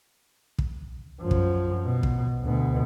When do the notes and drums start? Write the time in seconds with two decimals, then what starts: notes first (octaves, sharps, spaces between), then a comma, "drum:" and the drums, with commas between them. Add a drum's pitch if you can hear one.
0.59 drum: kick
1.21 F#2 F3
1.31 drum: kick
1.85 B2
2.03 drum: kick
2.43 D2 B2